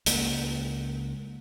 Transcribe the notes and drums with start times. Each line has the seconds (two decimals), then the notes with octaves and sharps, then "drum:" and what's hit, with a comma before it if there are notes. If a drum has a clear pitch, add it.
0.06 C#2 A#3, drum: hi-hat